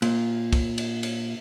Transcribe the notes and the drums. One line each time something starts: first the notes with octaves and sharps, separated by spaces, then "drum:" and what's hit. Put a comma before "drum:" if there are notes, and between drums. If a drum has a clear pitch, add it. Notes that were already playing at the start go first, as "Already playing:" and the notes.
A#2, drum: cymbal
drum: kick, cymbal
drum: cymbal
drum: cymbal